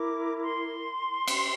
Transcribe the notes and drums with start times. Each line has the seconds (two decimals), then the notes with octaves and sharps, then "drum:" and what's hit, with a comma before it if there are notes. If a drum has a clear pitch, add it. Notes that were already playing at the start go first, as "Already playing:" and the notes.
Already playing: E4 A#4 D6
0.43 C6
1.28 drum: cymbal